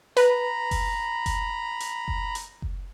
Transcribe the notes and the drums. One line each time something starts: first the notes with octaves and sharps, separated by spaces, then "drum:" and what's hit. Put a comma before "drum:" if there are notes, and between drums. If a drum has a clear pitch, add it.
B4 A#5 B5, drum: hi-hat
drum: kick F#1, open hi-hat
drum: kick F#1, hi-hat
drum: hi-hat
drum: kick F#1
drum: hi-hat
drum: kick F#1